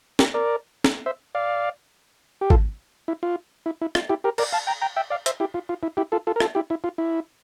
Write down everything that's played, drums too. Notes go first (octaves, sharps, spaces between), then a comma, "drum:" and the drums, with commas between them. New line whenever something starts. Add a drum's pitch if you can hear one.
G4 A#4, drum: snare
A#4 D5
drum: snare
C5 E5
D5 F5
G4
F4 A4, drum: kick G#1
E4
F4
E4
E4
F4, drum: rim click
E4 G4
G4 A#4
A#4 D5, drum: cymbal
F5 A5
G5 A#5
G5 A#5
E5 G5
D5 F5
C5 E5, drum: hi-hat
E4 G4
F4
F4
E4
E4 G4
F4 A4
F4 A4
A#4
F4 A4, drum: rim click
E4 G4
E4
F4
E4